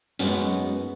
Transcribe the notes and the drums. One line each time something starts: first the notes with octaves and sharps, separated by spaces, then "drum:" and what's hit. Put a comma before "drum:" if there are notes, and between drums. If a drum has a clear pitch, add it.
F#2 G#3 B3 C#4 D#4 F#4, drum: open hi-hat